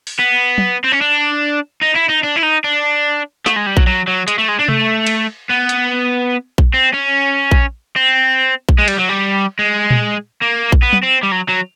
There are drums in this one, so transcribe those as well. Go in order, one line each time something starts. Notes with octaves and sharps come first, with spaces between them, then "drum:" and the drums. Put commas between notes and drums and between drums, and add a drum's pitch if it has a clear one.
drum: open hi-hat
B3
drum: tom
C4
C#4
D4
D#4
E4
D#4
D4
E4
D#4
D4
A3, drum: snare
G#3
G3
F#3, drum: kick A#1
F#3
F#3
G#3, drum: hi-hat
A3
G#3
D4
A3, drum: tom C3
drum: cymbal
B3
drum: hi-hat
drum: kick A#1
C4
C#4
drum: kick A#1
C4
drum: kick A#1
G#3
G3, drum: cymbal
F#3
G3
G#3
drum: tom A#2
A#3
drum: kick A#1
B3
drum: tom
C4
G3
F#3
F#3